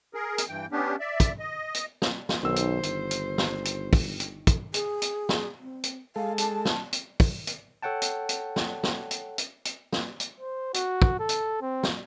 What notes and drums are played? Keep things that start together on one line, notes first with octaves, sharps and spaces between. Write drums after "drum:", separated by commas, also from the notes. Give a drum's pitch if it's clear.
G#4 A#4
drum: hi-hat
G2 E3 G5
B3 C#4 D4 G4
D5 E5
drum: kick, hi-hat
D#5
drum: hi-hat
drum: snare
drum: snare
B1 D#3 C5 E6
drum: hi-hat
G1, drum: hi-hat
drum: hi-hat
drum: snare
drum: hi-hat
drum: kick, open hi-hat
drum: hi-hat
drum: kick, hi-hat
G#4, drum: hi-hat
drum: hi-hat
drum: snare
C4
drum: hi-hat
G#3 A4 F5
A5, drum: hi-hat
drum: snare
drum: hi-hat
drum: kick, open hi-hat
drum: hi-hat
A4 C#5 F#5 G5 A5
drum: hi-hat
drum: hi-hat
drum: snare
drum: snare
drum: hi-hat
drum: hi-hat
drum: hi-hat
drum: snare
drum: hi-hat
C5
F#4, drum: hi-hat
drum: kick
A4
drum: hi-hat
C4
drum: snare